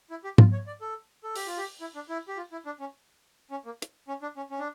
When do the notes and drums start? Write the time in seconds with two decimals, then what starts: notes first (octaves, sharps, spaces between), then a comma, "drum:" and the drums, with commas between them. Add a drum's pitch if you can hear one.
0.10 E4
0.24 G4
0.38 F4, drum: tom G#2
0.52 C#5
0.67 D5
0.81 A4
1.24 A4
1.36 G4, drum: open hi-hat
1.47 F4
1.57 G4
1.81 E4
1.95 D4
2.09 E4
2.28 G4
2.37 F4
2.52 E4
2.66 D4
2.80 C#4
3.51 C#4
3.65 A#3
3.82 drum: hi-hat
4.08 C#4
4.22 D4
4.37 C#4
4.51 C#4
4.59 D4